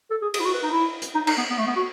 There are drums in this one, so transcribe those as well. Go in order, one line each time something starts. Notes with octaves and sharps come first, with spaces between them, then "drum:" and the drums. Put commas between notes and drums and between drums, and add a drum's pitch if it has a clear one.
A4
G#4
G#4, drum: cymbal
E4
F#4
B4
D#4
E4
drum: hi-hat
D#4
D#4, drum: cymbal
B3
B3
A3
B3
F#4